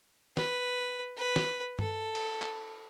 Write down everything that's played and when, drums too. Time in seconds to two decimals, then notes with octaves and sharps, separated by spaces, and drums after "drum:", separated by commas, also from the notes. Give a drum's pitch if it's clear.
0.37 B4, drum: snare
1.17 B4
1.36 drum: snare
1.79 A4, drum: tom G2
2.15 drum: cymbal
2.42 drum: clap